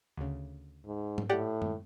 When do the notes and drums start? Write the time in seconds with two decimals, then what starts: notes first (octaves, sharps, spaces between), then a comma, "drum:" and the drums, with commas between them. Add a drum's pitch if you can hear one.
0.17 D2 C#3
0.86 G#2
1.18 drum: tom G#2
1.30 A2 G4 D5 F#5
1.62 drum: tom